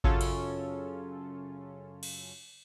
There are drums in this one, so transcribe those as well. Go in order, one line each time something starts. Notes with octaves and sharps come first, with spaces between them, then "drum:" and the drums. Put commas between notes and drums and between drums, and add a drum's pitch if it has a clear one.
F#2 C#3 C#4 F4 A4 C#5, drum: kick G#1
drum: cymbal
drum: cymbal